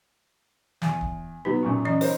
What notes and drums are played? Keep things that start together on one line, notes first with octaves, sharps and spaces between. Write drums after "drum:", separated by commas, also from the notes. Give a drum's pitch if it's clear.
E2, drum: snare
drum: kick D1
F#3 B3 D#4
F#2 A#2 C#6
E3 C#4 D#5
D#4 A#4 C5 C#5 D#5, drum: open hi-hat